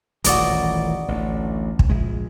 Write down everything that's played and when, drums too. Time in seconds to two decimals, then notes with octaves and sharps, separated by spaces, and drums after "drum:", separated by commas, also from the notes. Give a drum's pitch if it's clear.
0.24 D#1 A1 E3 F#4 D5 D#5, drum: hi-hat
1.08 A1 D2
1.79 drum: kick
1.90 A#1 G#3